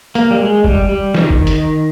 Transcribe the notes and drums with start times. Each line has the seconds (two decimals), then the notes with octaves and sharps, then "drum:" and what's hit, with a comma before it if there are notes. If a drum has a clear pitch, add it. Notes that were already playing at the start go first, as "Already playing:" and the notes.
0.15 A#3, drum: hi-hat
0.31 G3
0.39 G#3
0.64 G3, drum: kick
0.89 G3
1.14 D#3, drum: snare
1.30 drum: kick
1.47 drum: hi-hat